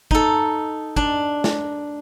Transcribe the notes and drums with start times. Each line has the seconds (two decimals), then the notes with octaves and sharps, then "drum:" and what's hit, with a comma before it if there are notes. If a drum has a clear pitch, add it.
0.11 D#4 A4, drum: kick
0.96 D4, drum: kick
1.44 drum: snare